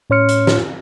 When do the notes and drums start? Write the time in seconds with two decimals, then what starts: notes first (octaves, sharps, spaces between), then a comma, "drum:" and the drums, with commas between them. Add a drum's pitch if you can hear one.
0.10 A2 C#4 C#5 C6 F6 C#7
0.29 drum: hi-hat
0.47 drum: snare F4